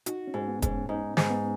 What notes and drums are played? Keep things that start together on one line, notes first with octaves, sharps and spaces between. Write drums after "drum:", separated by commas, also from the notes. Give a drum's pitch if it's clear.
D#4 F#4, drum: hi-hat
C#4
G#2
B3
G#2, drum: kick E1, hi-hat
C#4
G#2 D#4
G#2, drum: snare
B3